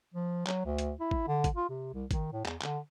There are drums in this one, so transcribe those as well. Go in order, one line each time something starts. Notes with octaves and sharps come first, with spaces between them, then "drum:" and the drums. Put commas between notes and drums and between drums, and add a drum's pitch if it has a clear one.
F3
F#3, drum: clap
D2
drum: hi-hat
E4
drum: kick G#1
D3
drum: kick G#1, hi-hat
F4
C3
C2
D#3, drum: kick G#1, hi-hat
A2
E2, drum: clap
D3, drum: clap